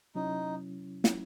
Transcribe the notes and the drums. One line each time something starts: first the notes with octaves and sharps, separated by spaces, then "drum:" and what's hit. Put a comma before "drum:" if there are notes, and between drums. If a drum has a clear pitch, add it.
C3 F#3 C#4 D#4 E4
F#3 C#4 E4, drum: snare